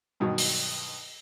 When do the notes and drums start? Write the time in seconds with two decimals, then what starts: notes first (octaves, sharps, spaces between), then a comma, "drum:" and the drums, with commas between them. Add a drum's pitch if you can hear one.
0.20 G2 B2 D#3 F#3
0.38 drum: open hi-hat